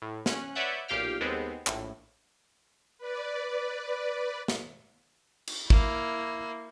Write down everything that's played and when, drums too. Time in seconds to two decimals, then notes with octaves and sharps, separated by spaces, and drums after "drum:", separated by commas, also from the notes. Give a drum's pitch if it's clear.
0.02 A2
0.26 C#4 F#6, drum: snare
0.55 B4 C#5 D5 E5 F#5 G6
0.88 B1 A#2 G4 F5 G5 F6
1.20 D#2 G#3 B3 C4
1.67 A#1 A2, drum: clap
2.98 B4 D5
4.48 drum: snare
5.47 drum: cymbal
5.70 A#3 E4, drum: kick